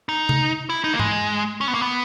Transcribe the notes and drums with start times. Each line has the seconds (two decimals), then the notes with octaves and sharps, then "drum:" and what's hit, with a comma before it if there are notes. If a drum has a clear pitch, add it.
0.09 D#4
0.29 drum: tom C3
0.70 E4
0.84 D#4
0.93 A#3
0.99 G#3, drum: tom G#2
1.61 C#4
1.68 B3
1.75 A#3
1.82 B3